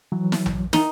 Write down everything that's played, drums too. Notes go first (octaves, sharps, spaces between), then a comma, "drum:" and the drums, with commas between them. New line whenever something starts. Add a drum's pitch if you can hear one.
E3 F#3
drum: snare
drum: tom A#1
D#4, drum: snare